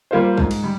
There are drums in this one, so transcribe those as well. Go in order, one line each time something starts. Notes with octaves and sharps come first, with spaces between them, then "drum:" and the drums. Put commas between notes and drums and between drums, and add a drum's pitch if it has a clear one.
G3 A#3 F4 C5
G#2, drum: kick
drum: cymbal
G3